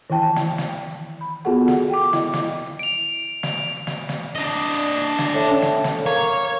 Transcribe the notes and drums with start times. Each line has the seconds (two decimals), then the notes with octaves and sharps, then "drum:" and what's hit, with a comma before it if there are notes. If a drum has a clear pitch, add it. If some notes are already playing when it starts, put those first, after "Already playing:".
0.10 D#3 E3 E4 G5 A5
0.36 drum: snare
0.58 drum: snare
1.21 B5
1.45 B3 F4 F#4 G#4 A4 F#5
1.68 drum: snare
1.90 G5 D6
2.13 E4 D#5, drum: snare
2.34 drum: snare
2.79 D7 F7
3.43 drum: snare
3.87 drum: snare
4.09 drum: snare
4.35 D4 D#5
5.18 drum: snare
5.34 A2
5.62 drum: snare
5.84 drum: snare
6.06 A#3 C#5